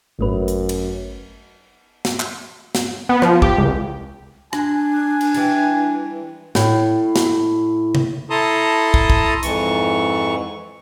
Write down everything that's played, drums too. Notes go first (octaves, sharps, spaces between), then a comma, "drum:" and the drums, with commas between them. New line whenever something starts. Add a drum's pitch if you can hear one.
G#1 F#2 A3 B4
drum: hi-hat
drum: cymbal
drum: snare
drum: clap
drum: snare
B3
F3, drum: rim click
G4, drum: kick
C#2
D4 G#5, drum: rim click
drum: cymbal
E3 G3, drum: cymbal
A2, drum: snare
drum: snare
drum: tom C3
E4 A4 A5 A#5 C6 D#6
drum: kick
drum: kick
F2 G#2 E3 C#6, drum: hi-hat